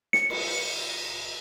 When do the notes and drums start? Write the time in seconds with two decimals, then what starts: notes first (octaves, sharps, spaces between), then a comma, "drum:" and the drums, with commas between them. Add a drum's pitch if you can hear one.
0.13 C#7, drum: snare
0.30 drum: cymbal